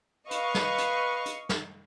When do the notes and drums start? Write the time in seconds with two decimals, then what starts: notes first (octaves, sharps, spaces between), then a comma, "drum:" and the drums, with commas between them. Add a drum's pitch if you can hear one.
0.31 B4 D#5 F5 C#6, drum: hi-hat
0.54 drum: snare
0.78 drum: hi-hat
1.26 drum: hi-hat
1.49 drum: snare